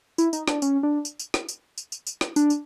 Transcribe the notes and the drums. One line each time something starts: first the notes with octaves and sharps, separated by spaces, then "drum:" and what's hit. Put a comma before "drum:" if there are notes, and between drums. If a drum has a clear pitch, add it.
E4, drum: tambourine
D#4, drum: tambourine
D4, drum: rim click
C#4, drum: tambourine
D4
drum: tambourine
drum: tambourine
drum: rim click
drum: tambourine
drum: tambourine
drum: tambourine
drum: tambourine
drum: rim click
D4, drum: tambourine
drum: tambourine